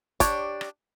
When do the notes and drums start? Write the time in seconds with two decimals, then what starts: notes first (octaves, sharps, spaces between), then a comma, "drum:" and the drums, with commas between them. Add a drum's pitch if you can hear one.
0.20 D4 G4 C#5, drum: kick, hi-hat
0.61 drum: rim click